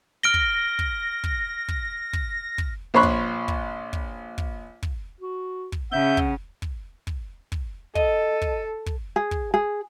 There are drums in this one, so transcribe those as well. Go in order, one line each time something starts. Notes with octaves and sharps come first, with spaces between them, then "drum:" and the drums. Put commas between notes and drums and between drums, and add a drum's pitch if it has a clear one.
F6 A#6 D7 G7
drum: kick
drum: kick
drum: kick
drum: kick
drum: kick
drum: kick
A#1 C5 C#5 B5 C#6 F#6
drum: kick
drum: kick
drum: kick
drum: kick
drum: kick
F#4
drum: kick
C#3 E5 F#5 G6
drum: kick
drum: kick
drum: kick
drum: kick
A4 D#5, drum: kick
drum: kick
drum: kick
G#4
drum: kick
G#4